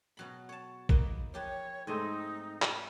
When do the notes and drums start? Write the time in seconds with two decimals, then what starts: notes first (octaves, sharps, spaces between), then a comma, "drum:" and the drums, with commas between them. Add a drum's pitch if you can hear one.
0.17 B2 F#3 B5
0.49 C#5 A5
0.89 A#3 D#4 B4, drum: kick
1.34 F3 G4 B4 C#5
1.87 G#2 A3 C4 D#4 D#5 G#5
2.62 drum: clap